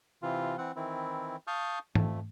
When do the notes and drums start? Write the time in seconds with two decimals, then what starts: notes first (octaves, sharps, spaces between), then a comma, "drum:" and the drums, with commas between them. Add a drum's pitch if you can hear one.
0.23 C3 E3 F4
0.58 E3 C4 F#5
0.76 D#3 E3 C4 E4
1.47 F5 A5 C#6 D#6 F6 G6
1.95 F2 A3, drum: tom